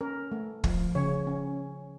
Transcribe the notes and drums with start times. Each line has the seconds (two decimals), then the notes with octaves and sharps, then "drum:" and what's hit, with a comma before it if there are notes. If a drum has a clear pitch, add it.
0.01 C#4 A#4
0.32 A3
0.64 F3, drum: kick
0.95 C#3 C#5
1.27 C#4